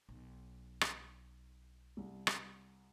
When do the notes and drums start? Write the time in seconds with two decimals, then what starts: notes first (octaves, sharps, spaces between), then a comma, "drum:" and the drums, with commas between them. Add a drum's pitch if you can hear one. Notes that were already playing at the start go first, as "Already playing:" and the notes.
0.09 B1
0.81 drum: rim click
1.97 C2
2.27 drum: rim click